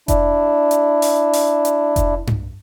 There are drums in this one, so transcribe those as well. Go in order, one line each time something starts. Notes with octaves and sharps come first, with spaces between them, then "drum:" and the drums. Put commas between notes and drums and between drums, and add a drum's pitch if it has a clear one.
D4 E4, drum: kick F1, hi-hat
drum: hi-hat
drum: open hi-hat
drum: open hi-hat
drum: hi-hat
drum: kick F1, hi-hat
drum: tom G2